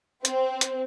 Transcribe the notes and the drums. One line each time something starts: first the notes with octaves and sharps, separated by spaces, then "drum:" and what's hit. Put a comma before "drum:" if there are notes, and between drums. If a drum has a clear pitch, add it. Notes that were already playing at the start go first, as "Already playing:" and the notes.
C4, drum: hi-hat
drum: hi-hat